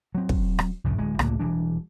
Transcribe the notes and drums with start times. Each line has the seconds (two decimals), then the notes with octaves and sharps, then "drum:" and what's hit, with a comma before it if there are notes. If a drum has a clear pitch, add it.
0.15 F#3 C4
0.29 drum: kick
0.59 drum: rim click
0.84 C2 F2 A2 C#3
0.97 D1 G#3
1.19 G1 C#2 A2 A#3, drum: rim click
1.39 E1 E3 G3 D4